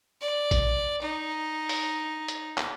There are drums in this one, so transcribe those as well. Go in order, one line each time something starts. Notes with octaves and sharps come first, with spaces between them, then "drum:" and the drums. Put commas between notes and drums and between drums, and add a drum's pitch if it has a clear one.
D5
drum: kick, hi-hat
D#4
drum: open hi-hat
drum: hi-hat
drum: clap